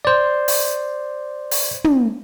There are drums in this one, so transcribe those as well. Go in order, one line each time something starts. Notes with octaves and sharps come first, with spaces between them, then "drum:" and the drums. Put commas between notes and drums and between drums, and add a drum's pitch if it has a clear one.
C5 D5
drum: open hi-hat
drum: open hi-hat
drum: tom